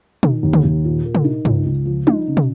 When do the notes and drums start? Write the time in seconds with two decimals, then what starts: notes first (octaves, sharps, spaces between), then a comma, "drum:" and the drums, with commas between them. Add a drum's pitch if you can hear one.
0.23 D#3, drum: tom
0.43 D#2
0.53 drum: tom
0.64 D#2
0.85 A#2
1.05 A#4
1.15 drum: tom
1.24 D#4
1.45 C#2, drum: tom
1.65 C#2
1.85 F3
2.07 D#4, drum: tom G3
2.27 C#3
2.37 drum: tom